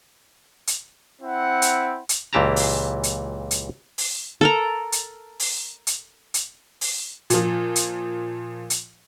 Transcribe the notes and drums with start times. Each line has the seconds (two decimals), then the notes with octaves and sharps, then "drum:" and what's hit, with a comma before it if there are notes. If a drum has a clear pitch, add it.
0.67 drum: hi-hat
1.22 C4 E4 F#5
1.62 drum: hi-hat
2.09 drum: hi-hat
2.33 C#2 A#2 E3 G4 A5 A#5
2.56 drum: open hi-hat
3.03 drum: hi-hat
3.51 drum: hi-hat
3.98 drum: open hi-hat
4.41 A4 A#4 A#5
4.92 drum: hi-hat
5.40 drum: open hi-hat
5.87 drum: hi-hat
6.34 drum: hi-hat
6.81 drum: open hi-hat
7.30 A#2 F3, drum: hi-hat
7.76 drum: hi-hat
8.70 drum: hi-hat